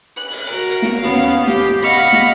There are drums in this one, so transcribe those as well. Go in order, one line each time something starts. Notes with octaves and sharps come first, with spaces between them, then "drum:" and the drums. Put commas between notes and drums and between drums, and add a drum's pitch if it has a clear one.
F#6
drum: open hi-hat
F#4 A#4
drum: hi-hat
drum: snare
D#2 B3 C#4 F5
G4, drum: snare
drum: hi-hat
D#5 F5 F#5 B5 C#6
drum: hi-hat
drum: snare